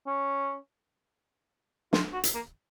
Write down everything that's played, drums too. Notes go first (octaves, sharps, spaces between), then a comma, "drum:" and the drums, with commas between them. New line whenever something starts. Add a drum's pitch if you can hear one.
C#4
F4, drum: snare
F#4
drum: hi-hat
A#3